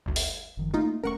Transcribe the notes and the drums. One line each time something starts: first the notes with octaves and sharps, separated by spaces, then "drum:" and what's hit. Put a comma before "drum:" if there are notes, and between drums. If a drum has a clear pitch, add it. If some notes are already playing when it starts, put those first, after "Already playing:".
G1 D2
drum: open hi-hat
F#1 D#3 F3
A3 A#3 D#4 F4
D#1 A3 C#4 A#4 F#5 C#6